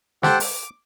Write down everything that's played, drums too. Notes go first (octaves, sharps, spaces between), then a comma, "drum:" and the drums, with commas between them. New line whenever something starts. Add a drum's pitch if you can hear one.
G4 A4 C5 F#5 G5, drum: snare
D6, drum: open hi-hat